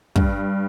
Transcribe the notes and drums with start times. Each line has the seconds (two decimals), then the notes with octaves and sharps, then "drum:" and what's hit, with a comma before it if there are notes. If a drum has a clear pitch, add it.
0.16 G2, drum: kick